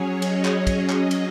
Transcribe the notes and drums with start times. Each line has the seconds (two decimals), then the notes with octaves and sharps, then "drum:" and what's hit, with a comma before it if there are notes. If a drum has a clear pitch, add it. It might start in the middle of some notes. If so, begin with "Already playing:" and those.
Already playing: F#3 C#4 G#4 C#5
0.22 D#5, drum: cymbal
0.45 drum: clap
0.67 drum: kick, cymbal
0.89 F#3 C#4, drum: clap
1.11 drum: cymbal